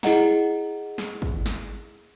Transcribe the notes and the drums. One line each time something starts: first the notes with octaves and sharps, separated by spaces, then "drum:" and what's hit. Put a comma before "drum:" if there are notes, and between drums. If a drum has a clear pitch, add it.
E4 G#4 D#5 F#5 A#5, drum: snare
drum: snare
drum: kick
drum: snare